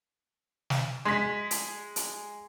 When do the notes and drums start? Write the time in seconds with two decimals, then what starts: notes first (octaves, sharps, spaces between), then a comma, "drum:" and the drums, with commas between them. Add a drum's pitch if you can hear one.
0.70 drum: snare
1.05 G#3 B6
1.51 drum: hi-hat
1.96 drum: hi-hat